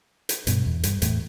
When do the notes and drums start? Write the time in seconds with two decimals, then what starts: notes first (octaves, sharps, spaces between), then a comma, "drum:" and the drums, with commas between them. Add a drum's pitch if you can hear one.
0.29 drum: hi-hat
0.47 G2 B2, drum: hi-hat
0.66 E2
0.83 G2, drum: hi-hat
1.02 E2 A2, drum: hi-hat